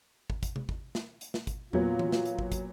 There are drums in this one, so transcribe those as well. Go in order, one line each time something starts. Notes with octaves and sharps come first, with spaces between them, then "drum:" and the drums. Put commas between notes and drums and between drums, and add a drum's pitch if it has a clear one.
drum: kick
drum: kick, hi-hat
drum: tom C3
drum: kick
drum: snare
drum: hi-hat
drum: snare
drum: kick, hi-hat
A#2 F#3 B3 F4, drum: tom E2
drum: tom E3
drum: snare
drum: hi-hat
drum: kick
drum: kick, hi-hat